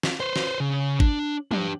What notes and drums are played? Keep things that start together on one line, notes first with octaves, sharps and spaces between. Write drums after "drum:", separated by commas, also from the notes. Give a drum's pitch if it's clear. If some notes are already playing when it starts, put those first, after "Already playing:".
drum: snare
B4 C5
drum: snare
C#3
D4, drum: kick
D4 G4, drum: tom